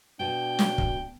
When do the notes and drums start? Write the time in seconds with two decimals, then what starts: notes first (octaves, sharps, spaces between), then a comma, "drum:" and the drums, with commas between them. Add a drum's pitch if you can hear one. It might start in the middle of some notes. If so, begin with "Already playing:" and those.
0.20 B2 D4 G5
0.59 drum: snare
0.78 drum: kick